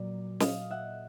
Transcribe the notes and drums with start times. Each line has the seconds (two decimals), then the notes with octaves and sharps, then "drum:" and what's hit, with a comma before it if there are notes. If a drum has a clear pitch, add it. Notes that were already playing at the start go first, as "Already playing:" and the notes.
Already playing: A#2 F#3 D5
0.40 D#5 F5, drum: snare
0.71 E5 F#5